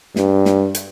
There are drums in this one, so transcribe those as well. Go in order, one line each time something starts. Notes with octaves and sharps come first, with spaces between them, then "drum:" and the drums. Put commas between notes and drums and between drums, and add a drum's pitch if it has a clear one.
G2, drum: snare
drum: snare
drum: hi-hat